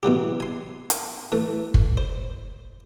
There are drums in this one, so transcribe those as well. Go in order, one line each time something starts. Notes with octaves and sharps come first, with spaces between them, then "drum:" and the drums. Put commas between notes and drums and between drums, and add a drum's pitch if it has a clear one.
B2 E3 F#3 G4
G#5 C6
drum: hi-hat
E3 A3
drum: kick
C5